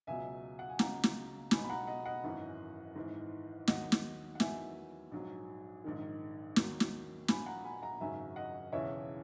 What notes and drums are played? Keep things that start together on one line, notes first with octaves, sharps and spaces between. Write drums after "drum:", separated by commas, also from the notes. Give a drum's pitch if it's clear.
C#2 B2 F#3 E5 G#5
F#5
G#5
C#2 C#3 F#3 F#5 A#5, drum: snare
drum: snare
B1 B2 F#3 G#5 B5, drum: snare
B5
F#5 A#5
D#5 F#5
D#5 F#5
G#1 F#2 E3
G#1 G#2 E3
D#2 D#3 F#3 D#5 F#5, drum: snare
drum: snare
F#5
E2 D#3 F#3 E5 G#5, drum: snare
A#1 G#2 F#3
A#1 G#2 D#3
D#2 D#3 F#3, drum: snare
drum: snare
A#1 A#2 F#3 G#5 B5, drum: snare
F#5 A#5
G#5 B5
F#5 A#5
G#1 F#2 C#3 F#3 E5 G#5
D#5 F#5
E1 E2 C#3 E3 C#5 E5